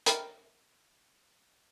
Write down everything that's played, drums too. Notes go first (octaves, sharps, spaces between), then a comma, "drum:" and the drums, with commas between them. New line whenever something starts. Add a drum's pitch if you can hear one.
A#4 G5 A#5 B5, drum: hi-hat